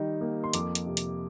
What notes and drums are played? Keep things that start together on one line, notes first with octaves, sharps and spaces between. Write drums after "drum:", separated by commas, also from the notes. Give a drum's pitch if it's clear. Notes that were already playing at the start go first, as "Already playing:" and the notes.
Already playing: D#3 G3 D#4
A#3
C6
F2 D6, drum: hi-hat
drum: hi-hat
C3
drum: hi-hat